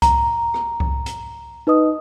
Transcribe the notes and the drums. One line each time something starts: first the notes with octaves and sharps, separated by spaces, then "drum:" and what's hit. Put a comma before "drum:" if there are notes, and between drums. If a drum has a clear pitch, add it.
A#5, drum: kick C2, hi-hat
drum: rim click
drum: kick C2
drum: hi-hat
D#4 B4 D#5 D#6